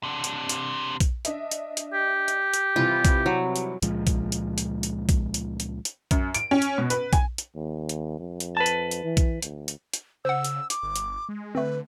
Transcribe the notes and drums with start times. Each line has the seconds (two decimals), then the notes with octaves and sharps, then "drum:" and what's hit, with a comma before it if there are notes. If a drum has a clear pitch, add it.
0.03 C3 D4
0.24 drum: hi-hat
0.49 drum: hi-hat
1.00 drum: kick A#1, hi-hat
1.25 D4 D#5 E5, drum: hi-hat
1.51 drum: hi-hat
1.77 drum: hi-hat
1.94 G4
2.28 drum: hi-hat
2.54 drum: hi-hat
2.76 C3 E3 G3 F4
3.05 drum: kick A#1, hi-hat
3.26 F#3
3.56 drum: hi-hat
3.82 C#2 A#2 F3 G#3, drum: hi-hat
4.07 drum: kick A#1, hi-hat
4.32 drum: hi-hat
4.58 drum: hi-hat
4.83 drum: hi-hat
5.09 drum: kick A#1, hi-hat
5.34 drum: hi-hat
5.60 drum: hi-hat
5.85 drum: hi-hat
6.11 F#2, drum: kick A#1, hi-hat
6.34 D7, drum: hi-hat
6.51 C#4
6.62 drum: hi-hat
6.78 B2
6.90 B4, drum: hi-hat
7.13 G#5, drum: kick A#1, hi-hat
7.38 drum: hi-hat
7.55 D#2
7.89 drum: hi-hat
8.20 F2
8.40 drum: hi-hat
8.57 B4 A5
8.66 drum: hi-hat
8.91 drum: hi-hat
9.04 E3
9.17 drum: kick A#1, hi-hat
9.42 D2, drum: hi-hat
9.68 drum: hi-hat
9.93 drum: hi-hat
10.25 C#3 C5 F#5 E6
10.45 drum: hi-hat
10.70 D6, drum: hi-hat
10.83 G1
10.96 drum: hi-hat
11.29 G#3
11.55 D3 A3 C4 B4